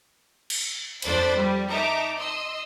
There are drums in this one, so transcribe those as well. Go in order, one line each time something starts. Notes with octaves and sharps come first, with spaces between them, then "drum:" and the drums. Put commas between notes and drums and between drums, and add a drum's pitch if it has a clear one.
drum: cymbal
F2 D4 C5 D5 B5 A6, drum: cymbal
G3
D#4 E5 A5 A#5 D6
D#5 C6 E6